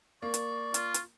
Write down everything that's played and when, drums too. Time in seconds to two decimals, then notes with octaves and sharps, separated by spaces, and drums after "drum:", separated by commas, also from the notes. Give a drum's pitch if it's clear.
0.22 A#3 D5 C#6
0.34 drum: hi-hat
0.74 F4, drum: hi-hat
0.94 drum: hi-hat